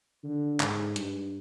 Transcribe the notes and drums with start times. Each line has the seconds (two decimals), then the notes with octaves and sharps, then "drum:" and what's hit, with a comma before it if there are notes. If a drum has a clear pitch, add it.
0.24 D3
0.60 G#2, drum: clap
0.96 G2, drum: hi-hat